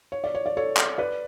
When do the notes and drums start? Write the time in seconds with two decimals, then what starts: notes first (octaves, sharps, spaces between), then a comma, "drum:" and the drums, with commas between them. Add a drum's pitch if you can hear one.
0.12 C#5
0.24 D5
0.35 C#5
0.46 D5
0.57 A4 C#5
0.77 drum: clap
0.98 B4 D5